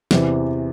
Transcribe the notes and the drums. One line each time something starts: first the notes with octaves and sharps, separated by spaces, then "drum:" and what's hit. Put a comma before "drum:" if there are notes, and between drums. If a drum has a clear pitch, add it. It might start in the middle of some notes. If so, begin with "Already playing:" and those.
E2 C3 E3, drum: snare